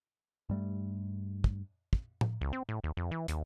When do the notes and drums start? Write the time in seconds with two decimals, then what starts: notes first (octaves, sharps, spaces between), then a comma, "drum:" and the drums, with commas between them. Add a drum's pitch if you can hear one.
0.49 G2 G3 A3
1.44 drum: kick
1.93 drum: kick
2.21 drum: tom A2
2.41 C#2
2.53 C4
2.69 A2
2.84 D#2
2.97 F2
3.11 E3
3.28 D#2, drum: hi-hat